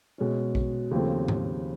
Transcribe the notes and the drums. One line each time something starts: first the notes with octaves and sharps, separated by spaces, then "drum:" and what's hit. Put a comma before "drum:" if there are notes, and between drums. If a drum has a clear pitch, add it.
B2 G#3 C#4
drum: kick A#1
D#2 C#3 F3 A3 C4
drum: tom G#2